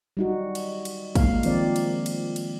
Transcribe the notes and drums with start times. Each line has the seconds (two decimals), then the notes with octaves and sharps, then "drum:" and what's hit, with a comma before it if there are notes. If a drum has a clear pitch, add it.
0.17 G3 D#4 F#4
0.55 drum: cymbal
0.85 drum: cymbal
1.15 G#3 A#3 F5, drum: kick, cymbal
1.43 D#3 F3 C4 D5, drum: cymbal
1.76 drum: cymbal
2.06 drum: cymbal
2.36 drum: cymbal